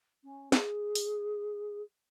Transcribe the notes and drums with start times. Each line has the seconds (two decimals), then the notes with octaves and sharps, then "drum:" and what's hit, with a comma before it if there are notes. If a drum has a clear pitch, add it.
0.24 C#4
0.52 G#4, drum: snare
0.95 drum: open hi-hat